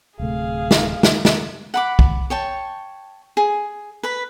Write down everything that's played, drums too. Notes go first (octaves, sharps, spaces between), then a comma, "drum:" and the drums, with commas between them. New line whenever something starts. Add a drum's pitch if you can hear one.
D1 C3 A3 G#4 F5
drum: snare
drum: snare
drum: snare
F#5 B5 D6
drum: kick
C#5 G5 A5
G#4
B4 B5